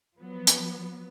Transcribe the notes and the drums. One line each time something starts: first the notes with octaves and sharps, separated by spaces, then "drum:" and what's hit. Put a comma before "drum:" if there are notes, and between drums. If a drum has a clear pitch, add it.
F3 F#3 B3
drum: hi-hat